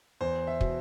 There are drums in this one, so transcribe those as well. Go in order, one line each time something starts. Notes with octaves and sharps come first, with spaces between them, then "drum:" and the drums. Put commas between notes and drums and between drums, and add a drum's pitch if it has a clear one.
E2 C5
E5
B2, drum: kick